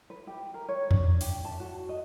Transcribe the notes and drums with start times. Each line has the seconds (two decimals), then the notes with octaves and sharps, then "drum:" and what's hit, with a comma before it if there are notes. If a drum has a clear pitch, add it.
0.10 B4
0.27 G4
0.54 A#4
0.69 C#5
0.91 D4, drum: tom E2
1.21 G4, drum: open hi-hat
1.45 A5
1.60 F#4
1.89 D#5